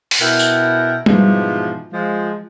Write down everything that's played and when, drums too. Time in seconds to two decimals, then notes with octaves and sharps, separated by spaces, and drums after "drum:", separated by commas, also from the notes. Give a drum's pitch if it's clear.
0.11 drum: open hi-hat
0.20 B2 E4 A#4 F#5 G5
0.39 drum: tambourine
1.06 G#2 B2 E3 F3, drum: tom G3
1.94 F3 G#3